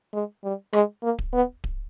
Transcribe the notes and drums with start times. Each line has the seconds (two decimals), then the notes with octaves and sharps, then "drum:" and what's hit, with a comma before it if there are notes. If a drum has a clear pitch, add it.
0.13 G#3
0.44 G3
0.73 G#3, drum: rim click
1.03 A#3
1.19 drum: kick D1
1.34 B3
1.64 drum: kick D1